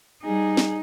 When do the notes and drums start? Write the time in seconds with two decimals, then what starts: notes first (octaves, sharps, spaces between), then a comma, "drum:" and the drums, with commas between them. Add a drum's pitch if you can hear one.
0.24 G3 D#4 G#4
0.57 drum: snare